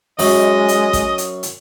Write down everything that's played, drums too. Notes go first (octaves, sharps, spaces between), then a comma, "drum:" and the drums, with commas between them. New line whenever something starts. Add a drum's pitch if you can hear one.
F#2 G#3 D#5, drum: open hi-hat
drum: hi-hat
drum: kick A1, hi-hat
drum: hi-hat
drum: hi-hat